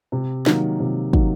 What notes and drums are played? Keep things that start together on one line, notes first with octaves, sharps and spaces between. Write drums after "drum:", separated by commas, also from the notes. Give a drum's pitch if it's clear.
C3
D#3 F#3 A#3, drum: snare
C3
D#3 F#3 A#3, drum: kick